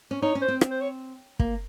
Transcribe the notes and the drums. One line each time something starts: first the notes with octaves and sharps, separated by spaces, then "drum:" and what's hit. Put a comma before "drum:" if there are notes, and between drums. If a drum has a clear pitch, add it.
C#4
D#4 C#5
C#4
C5
C4
drum: rim click
C5
C#5
A#3, drum: kick